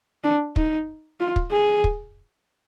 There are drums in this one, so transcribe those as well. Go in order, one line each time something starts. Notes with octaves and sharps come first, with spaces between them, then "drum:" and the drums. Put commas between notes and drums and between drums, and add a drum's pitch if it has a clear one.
D4
D#4, drum: kick
F4
drum: kick
G#4
drum: kick